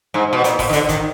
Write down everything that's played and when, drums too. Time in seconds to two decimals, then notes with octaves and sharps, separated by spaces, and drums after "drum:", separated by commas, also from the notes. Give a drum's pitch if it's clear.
0.14 G#2
0.33 B2
0.44 A#2, drum: hi-hat
0.59 B2, drum: kick, open hi-hat
0.69 D#3
0.73 D3, drum: hi-hat
0.89 D#3, drum: kick, hi-hat